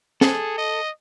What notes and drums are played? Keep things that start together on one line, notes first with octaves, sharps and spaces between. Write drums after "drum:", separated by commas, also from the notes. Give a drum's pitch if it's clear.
G#4 A4, drum: snare
D#5